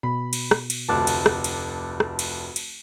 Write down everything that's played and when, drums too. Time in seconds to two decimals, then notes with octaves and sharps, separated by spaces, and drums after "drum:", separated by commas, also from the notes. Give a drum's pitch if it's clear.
0.03 B2 B5
0.33 drum: cymbal
0.51 drum: rim click
0.70 drum: cymbal
0.89 F1 D2 A5 D6 F#6
1.07 drum: cymbal
1.26 drum: rim click
1.44 drum: cymbal
2.00 drum: rim click
2.19 drum: cymbal
2.56 drum: cymbal